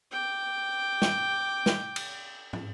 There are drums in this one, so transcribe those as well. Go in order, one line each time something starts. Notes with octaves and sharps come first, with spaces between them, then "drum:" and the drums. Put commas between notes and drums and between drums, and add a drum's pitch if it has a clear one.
G5 D6
drum: snare
drum: snare
drum: cymbal
drum: tom